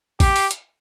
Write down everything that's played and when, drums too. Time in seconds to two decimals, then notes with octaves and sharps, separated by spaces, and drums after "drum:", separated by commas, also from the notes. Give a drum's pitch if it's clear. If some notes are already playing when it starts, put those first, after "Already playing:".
0.20 G4, drum: kick A1, open hi-hat
0.36 drum: open hi-hat
0.51 drum: hi-hat